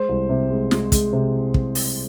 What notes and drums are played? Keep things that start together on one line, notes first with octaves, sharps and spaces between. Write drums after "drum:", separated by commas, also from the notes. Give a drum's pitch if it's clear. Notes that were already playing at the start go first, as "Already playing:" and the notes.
Already playing: G#3 C5
C2
C3
G#3
G#3, drum: snare
G#3, drum: kick, hi-hat
C3
drum: kick
drum: open hi-hat